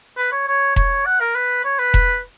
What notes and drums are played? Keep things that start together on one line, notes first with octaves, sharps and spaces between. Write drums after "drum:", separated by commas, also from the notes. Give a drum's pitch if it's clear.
B4
C#5
C#5
C#5, drum: kick E1
F#5
A#4
B4
C#5
B4
drum: kick E1